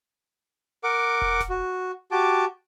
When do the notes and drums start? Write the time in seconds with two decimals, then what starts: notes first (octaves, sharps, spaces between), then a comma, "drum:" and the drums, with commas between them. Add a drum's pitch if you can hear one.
0.84 A#4 F#5 D6
1.22 drum: kick E1
1.40 drum: snare G1
1.50 F#4
2.11 F#4 G4 A5 D6